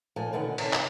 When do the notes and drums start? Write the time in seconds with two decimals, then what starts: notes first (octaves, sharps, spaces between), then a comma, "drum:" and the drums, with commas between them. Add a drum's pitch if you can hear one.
0.16 A#2 F3 A3 G#5
0.33 B2 D3 D#3 C#4 F#5
0.58 C3 C#5 A5, drum: cymbal
0.73 drum: clap